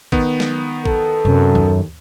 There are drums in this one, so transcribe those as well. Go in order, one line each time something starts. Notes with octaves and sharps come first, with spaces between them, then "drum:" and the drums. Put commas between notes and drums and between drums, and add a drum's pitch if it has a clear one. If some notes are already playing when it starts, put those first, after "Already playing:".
D#3 B3, drum: kick A1
drum: snare
A4, drum: kick A1
F#2 C3
D#2